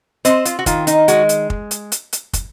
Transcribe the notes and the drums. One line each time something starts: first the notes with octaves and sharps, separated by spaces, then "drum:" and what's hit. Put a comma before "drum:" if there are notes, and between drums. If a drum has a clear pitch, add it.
C4 C5 D#5, drum: hi-hat
F4, drum: hi-hat
F#4
D#3 F4, drum: kick, hi-hat
D#4, drum: hi-hat
G#3 F#4, drum: hi-hat
drum: hi-hat
drum: kick
drum: hi-hat
drum: hi-hat
drum: hi-hat
drum: kick, hi-hat